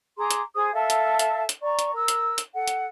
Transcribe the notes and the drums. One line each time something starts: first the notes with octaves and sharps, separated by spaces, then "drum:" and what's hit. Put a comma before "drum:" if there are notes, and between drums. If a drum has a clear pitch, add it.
G#4 A#5 C6 D6
drum: hi-hat
G#4 C5 D#6
A4 E5 F5 A5
drum: hi-hat
drum: hi-hat
drum: hi-hat
D5 A#5 C#6
drum: hi-hat
A#4 E6
drum: hi-hat
drum: hi-hat
A4 F#5
drum: hi-hat